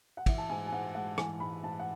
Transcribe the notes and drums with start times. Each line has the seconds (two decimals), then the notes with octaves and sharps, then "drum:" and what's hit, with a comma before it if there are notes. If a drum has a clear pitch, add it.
0.17 F#5
0.26 E3 E5, drum: kick, cymbal
0.38 A5
0.49 G#2 G#5
0.67 G#5
0.72 G#2 F#5
0.95 G#3 F#5
1.18 E3 G#5, drum: rim click
1.40 G#2 B5
1.63 G#2 A5
1.79 F#5